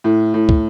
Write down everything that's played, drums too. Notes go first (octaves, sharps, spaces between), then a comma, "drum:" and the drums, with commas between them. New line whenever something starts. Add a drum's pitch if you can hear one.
A2
A2
drum: kick